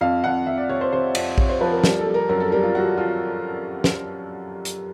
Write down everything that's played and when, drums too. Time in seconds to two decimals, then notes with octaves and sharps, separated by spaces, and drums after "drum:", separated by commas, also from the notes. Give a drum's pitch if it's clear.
0.01 F2 F5
0.24 F2 F#5
0.46 F2 E5
0.57 D5
0.69 C3 C#5
0.81 C5
0.92 C3 C5
1.15 F2, drum: cymbal
1.38 C3 C#5, drum: kick A#1
1.49 C5
1.61 F3 B4
1.72 A#4
1.84 G3 A#4, drum: snare
1.99 A4
2.07 G3
2.14 A#4
2.29 F#2 A#4
2.40 A4
2.52 G3 A#4
2.63 F4
2.75 G3 F#4
2.98 F4
3.84 drum: snare
4.65 drum: hi-hat